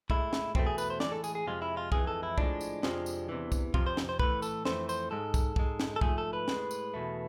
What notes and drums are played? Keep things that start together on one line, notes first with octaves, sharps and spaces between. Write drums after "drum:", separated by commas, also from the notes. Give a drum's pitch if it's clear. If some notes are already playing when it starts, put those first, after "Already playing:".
A2 G#3 E4, drum: kick
drum: snare
E2 B2 A3 C4, drum: kick
G#4
B4, drum: tambourine
C5
A2 E3 G#3 D5, drum: snare
A4
G#4, drum: tambourine
G#4
F2 C3 G#3 F4
E4
F4
F2 E3 G#3 G#4, drum: kick
A4
E4
A2 F3 G#3 D4, drum: kick
drum: tambourine
F2 C3 F3 G#3, drum: snare
drum: tambourine
E2 C3 E3
drum: kick, tambourine
F2 C3 F3 F4, drum: kick
C5
drum: snare
C5
A2 E3 A3 B4, drum: kick
A4, drum: tambourine
F2 C3 E3 A3 C5, drum: snare
C5, drum: tambourine
G#2 G#3 A4
drum: kick, tambourine
G#2 G#3, drum: kick
drum: snare
A4
G#2 F3 A3 G#4, drum: kick
A4
B4
A2 G#3, drum: snare
drum: tambourine
E2 B2 A3